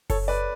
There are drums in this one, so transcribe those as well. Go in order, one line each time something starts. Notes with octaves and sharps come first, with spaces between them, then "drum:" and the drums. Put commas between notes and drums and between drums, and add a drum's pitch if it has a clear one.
A4 C#5, drum: kick F#1, open hi-hat
B4 D5